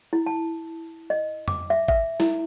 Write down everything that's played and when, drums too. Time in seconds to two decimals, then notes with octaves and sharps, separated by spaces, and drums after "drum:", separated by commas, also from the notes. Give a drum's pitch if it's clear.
0.13 E4
0.26 A5
1.10 D#5
1.48 D6, drum: tom F2
1.70 E5
1.88 E5, drum: kick G#1
2.20 E4, drum: snare